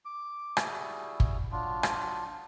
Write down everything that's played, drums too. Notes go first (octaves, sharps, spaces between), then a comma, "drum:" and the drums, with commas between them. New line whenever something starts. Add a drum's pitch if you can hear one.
D6
G3 E4 F#4 G#4, drum: rim click
drum: kick
F#3 D4 F4
drum: rim click